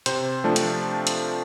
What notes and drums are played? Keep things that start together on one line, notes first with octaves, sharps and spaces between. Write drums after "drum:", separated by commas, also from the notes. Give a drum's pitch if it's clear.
C3 C5, drum: hi-hat
F3 A3 D4
drum: hi-hat
drum: hi-hat